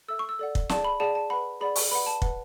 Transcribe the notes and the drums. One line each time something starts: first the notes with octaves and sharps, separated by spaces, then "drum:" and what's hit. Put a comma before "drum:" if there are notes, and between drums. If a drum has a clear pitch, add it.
A4 E5 E6
C#6
E6
A4 D5 F#5
drum: kick
G#4 D5 F#5 A5, drum: snare
B5
G#4 D5 F#5 A5
A5
B4 F#5 B5
G#4 D5 F#5 B5
C#6, drum: open hi-hat
B4 D5 F#5 B5
A5
B4 F#5, drum: kick